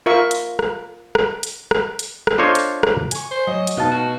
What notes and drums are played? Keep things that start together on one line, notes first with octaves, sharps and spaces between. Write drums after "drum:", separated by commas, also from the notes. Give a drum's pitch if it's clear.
F4 A#4 E5 C#6
drum: hi-hat
drum: rim click
drum: rim click
drum: hi-hat
drum: rim click
drum: hi-hat
drum: rim click
D4 F4 A4 C5 C#5 D#5
drum: hi-hat
drum: rim click
G#5 C#6, drum: hi-hat
C5
F#3 D#5
drum: hi-hat
B2 D#4 D#5 F5 A5
D#4 F#4